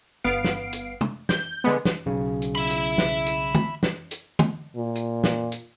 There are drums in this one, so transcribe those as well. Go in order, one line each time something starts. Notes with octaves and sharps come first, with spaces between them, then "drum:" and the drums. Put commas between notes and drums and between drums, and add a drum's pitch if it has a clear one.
G1 B3 F5 C7 D7
drum: snare
drum: hi-hat
drum: tom
G6, drum: snare
D3 G#3 B3
drum: snare
B1 C#3
drum: hi-hat
E5 B5
drum: hi-hat
drum: snare
drum: hi-hat
drum: tom D3
drum: snare
drum: hi-hat
drum: tom D3
A#2
drum: hi-hat
drum: snare
drum: hi-hat